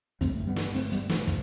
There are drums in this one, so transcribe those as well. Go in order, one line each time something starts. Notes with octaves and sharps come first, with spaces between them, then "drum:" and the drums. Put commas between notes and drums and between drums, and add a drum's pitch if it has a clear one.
G2 D3 A3 C4, drum: kick, hi-hat
G3 B3
drum: snare
A3 C4, drum: open hi-hat
G3 B3, drum: hi-hat
F3 A3, drum: snare
drum: kick, hi-hat